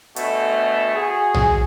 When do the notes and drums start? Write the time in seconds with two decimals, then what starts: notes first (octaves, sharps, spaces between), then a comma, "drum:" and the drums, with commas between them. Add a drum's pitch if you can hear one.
0.16 D2 B2 A3, drum: hi-hat
0.95 F#4 G#4
1.34 drum: tom B1